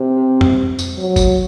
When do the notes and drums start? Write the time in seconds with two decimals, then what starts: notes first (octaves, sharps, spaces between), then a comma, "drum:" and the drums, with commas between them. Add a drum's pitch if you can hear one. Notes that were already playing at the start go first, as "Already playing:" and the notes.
Already playing: C3
0.41 drum: tom F2
0.79 drum: tambourine
0.98 F#3
1.16 drum: kick, tambourine